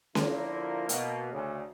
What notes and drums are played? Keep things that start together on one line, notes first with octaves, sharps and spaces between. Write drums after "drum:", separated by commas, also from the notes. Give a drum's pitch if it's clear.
D3 F3 A#3 E4 F4 A#4, drum: snare C#4
B2 A#3, drum: hi-hat
D2 C#3